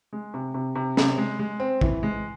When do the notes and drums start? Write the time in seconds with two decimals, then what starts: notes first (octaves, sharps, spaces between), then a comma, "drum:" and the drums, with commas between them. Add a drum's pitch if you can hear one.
0.13 G#3
0.34 C3
0.54 C3
0.75 C3
0.97 C3, drum: snare C#4
1.18 G#3
1.39 G#3
1.60 C4
1.81 E3, drum: kick
2.03 G#3